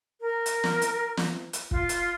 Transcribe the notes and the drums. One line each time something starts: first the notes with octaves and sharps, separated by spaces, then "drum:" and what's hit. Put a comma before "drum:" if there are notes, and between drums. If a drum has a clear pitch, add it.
A#4
drum: hi-hat
drum: snare
drum: hi-hat
drum: snare
drum: hi-hat
F4, drum: kick
drum: hi-hat